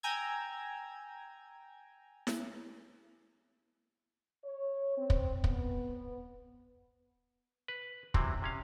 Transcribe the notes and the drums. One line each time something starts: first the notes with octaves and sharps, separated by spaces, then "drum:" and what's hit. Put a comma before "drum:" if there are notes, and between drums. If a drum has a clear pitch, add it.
G5 G#5 A#5 E6 G#6
drum: snare E4
C#5
C4
drum: kick
B3, drum: kick
B4
C3 E3 F#3 C4, drum: kick
C3 C#4 F5